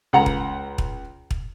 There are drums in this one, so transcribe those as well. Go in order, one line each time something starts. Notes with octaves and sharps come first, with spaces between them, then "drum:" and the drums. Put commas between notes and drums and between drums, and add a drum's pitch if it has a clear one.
C#2 F#5 A#5
drum: kick
drum: kick
drum: kick